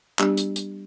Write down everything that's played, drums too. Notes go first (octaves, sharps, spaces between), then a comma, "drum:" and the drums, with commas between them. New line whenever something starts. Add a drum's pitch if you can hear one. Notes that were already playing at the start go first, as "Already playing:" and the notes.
G3 B3 D4 G4, drum: clap
drum: hi-hat
drum: hi-hat